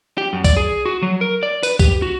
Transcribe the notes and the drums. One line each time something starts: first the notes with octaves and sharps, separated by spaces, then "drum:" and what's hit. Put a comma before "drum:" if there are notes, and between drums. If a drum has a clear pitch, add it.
G4
F#2
D5, drum: kick, tambourine
G#4
F#4
F#3
A#4
D5
B4, drum: tambourine
G4, drum: kick, tambourine
F#4